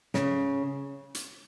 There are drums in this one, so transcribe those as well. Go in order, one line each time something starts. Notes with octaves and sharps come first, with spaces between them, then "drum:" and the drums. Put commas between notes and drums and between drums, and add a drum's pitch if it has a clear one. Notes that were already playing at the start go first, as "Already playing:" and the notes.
C#3, drum: snare
drum: hi-hat